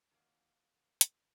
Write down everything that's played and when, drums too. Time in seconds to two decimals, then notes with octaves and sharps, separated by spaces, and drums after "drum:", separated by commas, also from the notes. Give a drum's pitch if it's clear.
0.10 G#2 D#3 F#3 A#3
1.01 drum: hi-hat